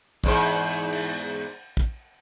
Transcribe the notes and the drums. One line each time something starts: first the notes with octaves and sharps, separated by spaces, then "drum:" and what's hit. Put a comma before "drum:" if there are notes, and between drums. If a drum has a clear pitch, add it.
E2 G#2 C5, drum: kick
drum: cymbal
drum: kick